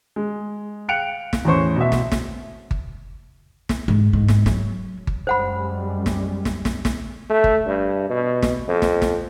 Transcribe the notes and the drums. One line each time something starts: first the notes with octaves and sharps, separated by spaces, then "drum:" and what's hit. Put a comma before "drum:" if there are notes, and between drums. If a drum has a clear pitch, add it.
G#3
F5 G5 F#6 C#7 D7 F7
drum: snare
E2 A2 C#4 C5 C#6
B2 E5
drum: snare
drum: snare
drum: kick G1
drum: snare
G#2
G#2
drum: snare
F#3, drum: snare
drum: kick G1
F#2 G3 G#3 C5 F#5 B5
drum: snare
drum: snare
drum: snare
drum: snare
A3
drum: kick G1
G2
B2
drum: snare
F2
drum: snare
drum: snare